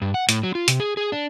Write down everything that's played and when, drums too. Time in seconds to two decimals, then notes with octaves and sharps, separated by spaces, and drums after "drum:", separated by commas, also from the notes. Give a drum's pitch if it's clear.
0.02 G2
0.14 F#5
0.29 A2, drum: hi-hat
0.43 F#3
0.55 F4
0.68 C3, drum: hi-hat
0.80 G#4
0.97 G#4
1.12 D4